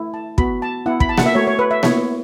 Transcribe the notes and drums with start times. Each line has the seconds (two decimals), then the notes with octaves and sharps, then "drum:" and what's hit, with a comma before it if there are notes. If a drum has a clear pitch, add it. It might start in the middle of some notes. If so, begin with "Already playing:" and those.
Already playing: A3 E4
0.14 A5
0.38 B3 F#4 B5, drum: kick
0.62 A5
0.86 B3 E4 F#5
1.00 B5, drum: kick
1.09 A5
1.18 F#5, drum: snare A#3
1.26 E5
1.35 A3 F#4 C#5
1.47 C#5
1.59 B4
1.71 E5
1.83 B3 E4 C#5, drum: snare A#3